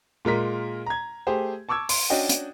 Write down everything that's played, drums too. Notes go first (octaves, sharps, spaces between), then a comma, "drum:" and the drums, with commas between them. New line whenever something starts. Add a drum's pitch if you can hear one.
A#2 G#3 A#4 B6
A#5 G#6
A3 G4 G#4 C5
A5 C#6 D6 E6 G#6
C6, drum: open hi-hat
C#4 D4 F#4 D#5 G5
drum: hi-hat